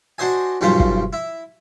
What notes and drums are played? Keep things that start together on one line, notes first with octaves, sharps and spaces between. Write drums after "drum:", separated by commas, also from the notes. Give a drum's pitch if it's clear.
D4 F#4 C5 D#5 G#5
B1 G2 C#3 F3 B4 C5
drum: kick
E4